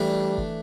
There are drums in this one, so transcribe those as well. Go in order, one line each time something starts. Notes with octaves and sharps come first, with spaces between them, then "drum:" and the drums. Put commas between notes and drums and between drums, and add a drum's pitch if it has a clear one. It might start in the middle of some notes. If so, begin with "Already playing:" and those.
Already playing: E3 G3 A3 D4
drum: kick